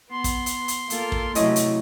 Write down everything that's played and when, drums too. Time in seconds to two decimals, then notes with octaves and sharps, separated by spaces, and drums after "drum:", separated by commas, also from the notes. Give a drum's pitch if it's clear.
0.11 B3 C6
0.24 drum: kick, hi-hat
0.46 drum: hi-hat
0.68 drum: hi-hat
0.90 A#3 F4 A4, drum: hi-hat
1.12 drum: kick
1.35 C3 F#3 A3 C#4 E4 D#5, drum: hi-hat
1.56 drum: hi-hat